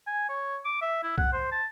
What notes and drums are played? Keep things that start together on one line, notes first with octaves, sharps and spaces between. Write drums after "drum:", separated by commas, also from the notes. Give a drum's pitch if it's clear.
G#5
C#5
D6
E5
E4
F#5, drum: kick
C5
A5